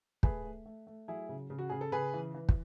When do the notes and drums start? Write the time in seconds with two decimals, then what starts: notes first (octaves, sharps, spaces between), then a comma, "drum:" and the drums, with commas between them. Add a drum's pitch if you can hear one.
0.23 A3 G#4 B4, drum: kick
0.44 A3
0.66 A3
0.87 A3
1.08 F#3 E4 G#4
1.29 C#3
1.50 C#3
1.59 F#4
1.70 C#3 G#4
1.81 A4
1.92 C#3 G#4 B4
2.14 E3
2.34 E3
2.49 drum: kick